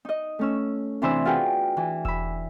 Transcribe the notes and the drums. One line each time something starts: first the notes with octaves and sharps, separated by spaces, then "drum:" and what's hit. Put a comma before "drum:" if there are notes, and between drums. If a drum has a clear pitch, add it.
D#4 D#5
A3 C#4 E6
C3 E3 D4 C5 B5 E6
F4 F#4 G#4 B4 F#5 G5
E3
B5 E6, drum: kick E1